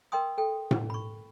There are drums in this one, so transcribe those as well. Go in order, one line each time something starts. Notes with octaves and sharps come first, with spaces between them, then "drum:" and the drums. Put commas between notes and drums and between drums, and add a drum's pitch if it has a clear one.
A#4 D#5 G5 C6 D#6
A4 G5
drum: tom A2
B5 C#6